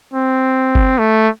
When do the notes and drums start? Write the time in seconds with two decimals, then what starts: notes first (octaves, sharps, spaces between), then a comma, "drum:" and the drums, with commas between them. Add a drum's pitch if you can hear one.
0.14 C4
0.75 drum: kick G1
0.99 A3